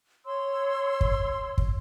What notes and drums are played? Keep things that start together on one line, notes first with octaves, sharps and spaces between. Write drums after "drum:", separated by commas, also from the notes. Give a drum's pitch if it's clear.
C#5 C6 E6
drum: kick
drum: kick